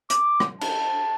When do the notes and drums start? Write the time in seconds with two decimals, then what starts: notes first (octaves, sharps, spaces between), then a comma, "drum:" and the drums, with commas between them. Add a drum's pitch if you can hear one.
0.10 D6, drum: hi-hat
0.40 drum: rim click
0.61 A5, drum: cymbal